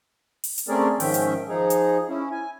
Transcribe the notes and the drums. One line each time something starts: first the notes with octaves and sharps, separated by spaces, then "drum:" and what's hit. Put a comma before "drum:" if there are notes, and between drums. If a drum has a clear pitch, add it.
drum: open hi-hat
drum: hi-hat
A3 C4 C#4 G#4 A#4 D5
G#2 D#3 F3 C#4 E5 G5, drum: open hi-hat
drum: hi-hat
F3 D#4 G#4
drum: hi-hat
C#4 E4
G#5